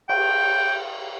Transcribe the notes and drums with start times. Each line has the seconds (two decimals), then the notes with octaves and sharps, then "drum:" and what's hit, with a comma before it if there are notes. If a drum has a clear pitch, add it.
0.09 G5, drum: cymbal